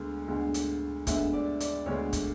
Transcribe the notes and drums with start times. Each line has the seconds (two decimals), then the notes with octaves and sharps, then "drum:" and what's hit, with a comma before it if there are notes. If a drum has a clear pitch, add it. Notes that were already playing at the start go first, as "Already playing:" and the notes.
Already playing: D2 D3 G#3 B3
0.28 D2 D3 G#3 B3
0.54 drum: hi-hat
1.07 D2 D3 G#3 B3 E5, drum: kick, hi-hat
1.33 D5
1.60 D5, drum: hi-hat
1.86 D2 D3 G#3 B3 C#5
2.13 drum: kick, hi-hat